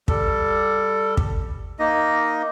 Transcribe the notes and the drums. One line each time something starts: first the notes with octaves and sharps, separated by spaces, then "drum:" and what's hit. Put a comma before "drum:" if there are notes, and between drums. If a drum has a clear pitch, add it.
G3 A4, drum: kick
drum: kick
A#3 D#4 D#5